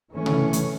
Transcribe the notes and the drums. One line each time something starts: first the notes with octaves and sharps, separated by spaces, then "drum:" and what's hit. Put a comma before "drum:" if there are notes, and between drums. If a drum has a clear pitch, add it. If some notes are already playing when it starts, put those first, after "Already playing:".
E3 A3 C#4
drum: tom C3
drum: hi-hat